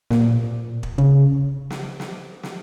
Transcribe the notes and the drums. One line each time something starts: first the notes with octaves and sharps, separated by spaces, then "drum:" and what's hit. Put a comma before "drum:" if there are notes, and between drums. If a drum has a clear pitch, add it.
A#2, drum: snare
drum: kick
C#3, drum: kick
drum: snare
drum: snare
drum: snare